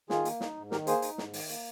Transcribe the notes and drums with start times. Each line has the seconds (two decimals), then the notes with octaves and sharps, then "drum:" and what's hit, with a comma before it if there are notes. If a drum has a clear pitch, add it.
0.10 D#3 F4 G#4, drum: snare
0.25 A#3, drum: hi-hat
0.41 D#4, drum: snare
0.57 G#2
0.71 D#3 G4 A#4, drum: snare
0.87 A#3 G#4 C5, drum: hi-hat
1.02 D#4, drum: hi-hat
1.18 G#2, drum: snare
1.33 D#3, drum: open hi-hat
1.49 A#3, drum: hi-hat